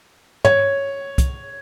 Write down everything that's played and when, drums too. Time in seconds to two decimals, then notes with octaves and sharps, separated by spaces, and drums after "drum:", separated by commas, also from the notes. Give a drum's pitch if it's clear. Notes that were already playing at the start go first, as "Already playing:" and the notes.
0.45 C#5, drum: tom
1.18 drum: kick, hi-hat